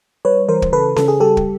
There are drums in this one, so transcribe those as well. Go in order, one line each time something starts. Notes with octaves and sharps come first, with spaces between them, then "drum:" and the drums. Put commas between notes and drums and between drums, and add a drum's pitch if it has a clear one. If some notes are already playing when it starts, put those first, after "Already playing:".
G3 B4 C#5
E3 A#4 C5
drum: kick
C#3 A4 B4
C#3 A4, drum: snare C#4
G#4
G3 G4 A4
drum: kick